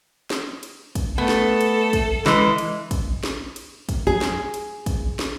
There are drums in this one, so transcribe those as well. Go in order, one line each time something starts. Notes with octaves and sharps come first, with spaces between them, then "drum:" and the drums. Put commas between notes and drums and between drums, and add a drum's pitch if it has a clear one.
drum: snare
drum: cymbal
drum: kick, cymbal
A3 B3 A4
drum: snare
drum: cymbal
drum: kick, cymbal
E3 G#3, drum: snare
drum: cymbal
drum: kick, cymbal
drum: snare
drum: cymbal
drum: kick, cymbal
G#4
drum: snare
drum: cymbal
drum: kick, cymbal
drum: snare